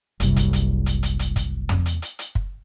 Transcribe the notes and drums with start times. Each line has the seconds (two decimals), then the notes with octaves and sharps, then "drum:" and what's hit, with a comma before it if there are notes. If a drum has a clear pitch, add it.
0.20 F#1 C2, drum: hi-hat
0.36 drum: kick, hi-hat
0.53 drum: hi-hat
0.86 drum: hi-hat
1.03 drum: hi-hat
1.19 drum: hi-hat
1.36 drum: kick, hi-hat
1.69 drum: tom
1.86 drum: hi-hat
2.02 drum: hi-hat
2.19 drum: hi-hat
2.35 drum: kick